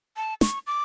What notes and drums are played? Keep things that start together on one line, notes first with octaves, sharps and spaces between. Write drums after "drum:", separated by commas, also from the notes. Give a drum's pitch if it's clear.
A5
C#6, drum: snare
D6